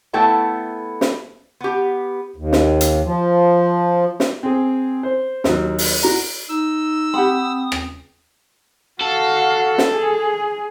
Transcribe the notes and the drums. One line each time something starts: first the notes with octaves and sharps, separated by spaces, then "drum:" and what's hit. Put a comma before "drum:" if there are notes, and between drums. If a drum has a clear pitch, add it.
A3 B3 E4 A4 C#5 G5
drum: snare
B3 G4
D#2
drum: snare
drum: hi-hat
F3
drum: snare
C4 G#4
C5
D#2 F#3, drum: snare
drum: open hi-hat
F#4 A#5
D#4 E6
C4 G4 F#5 B5 D#6
drum: rim click
F#4 A4 F5
drum: snare
G#4